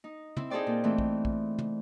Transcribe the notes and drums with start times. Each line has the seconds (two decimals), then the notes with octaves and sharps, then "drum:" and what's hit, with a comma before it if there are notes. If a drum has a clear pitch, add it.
0.04 D#4
0.37 C4 E4, drum: tom
0.50 D#4 G#4 A4 C5 D5 G5
0.67 A#2
0.84 E3 A3 C4
0.98 drum: kick A#1
1.25 drum: kick A#1
1.59 drum: tom